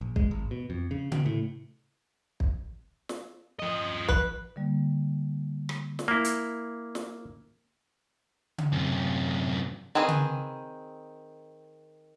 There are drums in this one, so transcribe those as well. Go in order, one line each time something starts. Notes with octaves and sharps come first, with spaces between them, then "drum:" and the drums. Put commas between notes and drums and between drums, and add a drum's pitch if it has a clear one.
A#1
G#3, drum: kick
G#1
B2
F2
C#3
B2, drum: tom C#3
A2
drum: kick
drum: snare
F3 D#5
B4, drum: kick
D3 G3 A#3
drum: rim click
drum: snare
A#3 E4
drum: hi-hat
drum: snare
drum: tom C#3
F#2 C3
D#3 C4 G#4 B4
drum: tom C#3